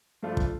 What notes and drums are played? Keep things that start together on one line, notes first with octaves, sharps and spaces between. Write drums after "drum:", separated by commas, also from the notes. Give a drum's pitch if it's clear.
G2 F3 A3 D4 F4
drum: kick